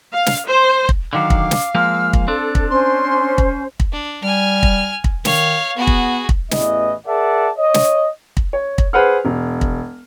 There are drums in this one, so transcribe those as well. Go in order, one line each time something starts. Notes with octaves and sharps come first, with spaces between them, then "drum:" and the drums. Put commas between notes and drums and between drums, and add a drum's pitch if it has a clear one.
F5
drum: snare
C5
drum: kick
D3 D#3 F#3 F5 D6
drum: kick
drum: snare
F3 G#3 A#3 E6 F6
drum: kick
C4 D4 A4
drum: kick
C#4 C5 C6
drum: kick
drum: kick
D4
G3 G#5 F6
drum: kick
drum: kick
D#3 C#5 F5, drum: snare
B3 F#4 G#4
drum: kick
drum: kick
A1 E2 E3 D#5, drum: snare
G#4 A#4 D5 E5 F#5 A5
C#5 D#5
drum: snare
drum: kick
C#5
drum: kick
G#4 B4 C5 F#5 F6
E1
drum: kick